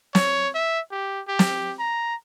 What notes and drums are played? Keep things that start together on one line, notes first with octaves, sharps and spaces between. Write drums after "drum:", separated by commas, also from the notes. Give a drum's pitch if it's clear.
C#5, drum: snare
E5
G4
G4
drum: snare
A#5